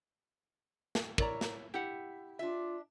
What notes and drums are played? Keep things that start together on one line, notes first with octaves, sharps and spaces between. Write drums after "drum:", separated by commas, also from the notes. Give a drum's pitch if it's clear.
drum: snare
E4 A#4 C#5 D5 A#5, drum: kick
drum: snare
E4 G4 F#5
D4 F4 E5